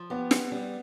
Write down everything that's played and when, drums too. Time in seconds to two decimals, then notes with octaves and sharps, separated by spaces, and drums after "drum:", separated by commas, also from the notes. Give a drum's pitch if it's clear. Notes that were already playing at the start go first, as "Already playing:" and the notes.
Already playing: F3
0.10 B3 G4
0.31 C4, drum: snare
0.52 G3